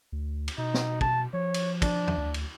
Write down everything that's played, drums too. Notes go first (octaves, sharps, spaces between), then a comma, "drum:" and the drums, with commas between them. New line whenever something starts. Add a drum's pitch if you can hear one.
D2
drum: cymbal
B2 D#4
drum: snare
A5, drum: kick
F3 C#5
drum: cymbal
D4, drum: kick, cymbal
drum: tom E2
D2
drum: cymbal